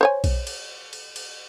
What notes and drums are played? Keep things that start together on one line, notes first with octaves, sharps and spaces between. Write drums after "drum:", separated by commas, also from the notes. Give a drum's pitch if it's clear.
C5 C#5 G#5
drum: kick B1, cymbal
drum: cymbal
drum: cymbal
drum: cymbal